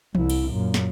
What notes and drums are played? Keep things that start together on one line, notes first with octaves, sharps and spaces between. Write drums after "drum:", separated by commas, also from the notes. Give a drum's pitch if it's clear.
C2 E4, drum: tom E3
drum: cymbal
F#2 A#2
drum: snare